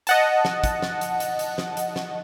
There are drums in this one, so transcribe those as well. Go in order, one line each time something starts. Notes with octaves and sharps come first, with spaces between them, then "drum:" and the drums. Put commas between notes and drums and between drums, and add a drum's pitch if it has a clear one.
D#5 F#5 A5, drum: hi-hat
drum: snare
drum: kick, hi-hat
drum: snare
drum: hi-hat
drum: hi-hat
drum: hi-hat
drum: snare
drum: hi-hat
drum: snare